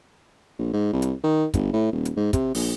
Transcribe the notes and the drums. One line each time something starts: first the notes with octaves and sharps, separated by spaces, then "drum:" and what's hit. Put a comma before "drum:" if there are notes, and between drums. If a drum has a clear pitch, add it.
A#1
G#2
C2
drum: hi-hat
D#3
G1, drum: kick, hi-hat
A2
D#1
drum: hi-hat
G#2
C3, drum: kick, hi-hat
A#1, drum: open hi-hat